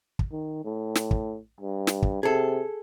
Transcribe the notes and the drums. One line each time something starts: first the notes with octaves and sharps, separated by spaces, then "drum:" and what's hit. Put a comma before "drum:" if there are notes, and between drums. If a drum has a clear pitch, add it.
drum: kick
D#3
A2
drum: snare
drum: kick
G2
drum: snare
drum: kick
C3 G#4 A4